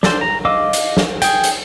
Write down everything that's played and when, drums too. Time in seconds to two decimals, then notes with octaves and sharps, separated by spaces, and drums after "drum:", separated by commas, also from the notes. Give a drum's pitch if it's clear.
0.03 D4 A4 C5, drum: snare
0.21 A#5
0.45 D#5 F5 D6 E6
0.73 drum: hi-hat
0.97 drum: snare
1.22 G#4 G5, drum: hi-hat
1.44 drum: hi-hat